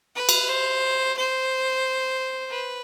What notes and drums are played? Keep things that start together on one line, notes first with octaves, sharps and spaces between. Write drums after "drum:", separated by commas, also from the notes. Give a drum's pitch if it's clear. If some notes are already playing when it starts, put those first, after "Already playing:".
B4
drum: cymbal
C5
C5
B4